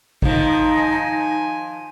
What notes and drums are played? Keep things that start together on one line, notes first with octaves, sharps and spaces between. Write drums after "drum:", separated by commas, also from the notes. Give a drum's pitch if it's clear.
D#3 F3 D#4, drum: kick A1
G#5